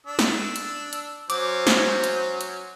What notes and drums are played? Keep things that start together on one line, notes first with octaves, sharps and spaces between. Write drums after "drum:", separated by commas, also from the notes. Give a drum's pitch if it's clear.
D4 E6
drum: snare
drum: hi-hat
drum: hi-hat
F#3 C#4 C5 D6, drum: hi-hat
drum: snare
drum: hi-hat
drum: hi-hat